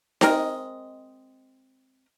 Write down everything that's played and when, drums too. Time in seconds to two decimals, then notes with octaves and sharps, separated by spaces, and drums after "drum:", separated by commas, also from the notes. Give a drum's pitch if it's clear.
0.21 G#3 C4 A#4 D#5, drum: snare D#4